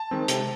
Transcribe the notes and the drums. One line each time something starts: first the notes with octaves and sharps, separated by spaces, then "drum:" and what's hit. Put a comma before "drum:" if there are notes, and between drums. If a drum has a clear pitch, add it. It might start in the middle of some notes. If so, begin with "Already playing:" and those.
Already playing: A5
D#3 G#3 C4
C3, drum: hi-hat